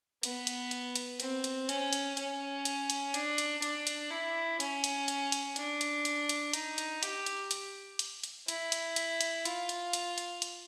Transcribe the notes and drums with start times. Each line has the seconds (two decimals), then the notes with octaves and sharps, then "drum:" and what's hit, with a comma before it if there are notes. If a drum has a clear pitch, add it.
0.23 B3, drum: hi-hat
0.47 drum: hi-hat
0.71 drum: hi-hat
0.96 drum: hi-hat
1.20 C4, drum: hi-hat
1.44 drum: hi-hat
1.69 C#4, drum: hi-hat
1.93 drum: hi-hat
2.17 C#4, drum: hi-hat
2.65 drum: hi-hat
2.90 drum: hi-hat
3.14 D4, drum: hi-hat
3.38 drum: hi-hat
3.62 D4, drum: hi-hat
3.87 drum: hi-hat
4.10 E4
4.60 C#4, drum: hi-hat
4.84 drum: hi-hat
5.08 drum: hi-hat
5.32 drum: hi-hat
5.56 D4, drum: hi-hat
5.81 drum: hi-hat
6.05 drum: hi-hat
6.29 drum: hi-hat
6.53 D#4, drum: hi-hat
6.78 drum: hi-hat
7.03 G4, drum: hi-hat
7.26 drum: hi-hat
7.51 drum: hi-hat
7.99 drum: hi-hat
8.24 drum: hi-hat
8.48 E4, drum: hi-hat
8.72 drum: hi-hat
8.96 drum: hi-hat
9.21 drum: hi-hat
9.45 F4, drum: hi-hat
9.69 drum: hi-hat
9.93 drum: hi-hat
10.18 drum: hi-hat
10.42 drum: hi-hat